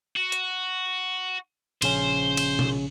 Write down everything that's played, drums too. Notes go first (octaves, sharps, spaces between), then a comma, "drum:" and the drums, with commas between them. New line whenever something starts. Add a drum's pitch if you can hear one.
F#4
drum: hi-hat
A#1 C#3 C#4 C5, drum: cymbal
drum: cymbal
drum: tom B2